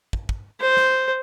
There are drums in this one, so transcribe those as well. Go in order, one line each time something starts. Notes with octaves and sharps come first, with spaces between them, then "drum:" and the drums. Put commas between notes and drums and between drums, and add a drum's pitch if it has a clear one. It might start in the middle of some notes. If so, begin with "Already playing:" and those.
drum: kick
drum: kick
C5
drum: snare